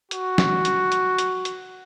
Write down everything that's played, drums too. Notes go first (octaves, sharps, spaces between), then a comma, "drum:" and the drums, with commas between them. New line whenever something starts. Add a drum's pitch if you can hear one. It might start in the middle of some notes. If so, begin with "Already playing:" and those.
F#4, drum: hi-hat
drum: snare
drum: hi-hat
drum: hi-hat
drum: hi-hat
drum: hi-hat